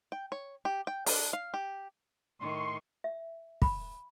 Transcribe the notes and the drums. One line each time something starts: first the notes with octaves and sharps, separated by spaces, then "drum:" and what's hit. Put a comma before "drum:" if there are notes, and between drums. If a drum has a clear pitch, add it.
G5
C#5
G4
G5
D4, drum: open hi-hat
F5
G4
A2 D#3 C6 C#6
E5
B5, drum: kick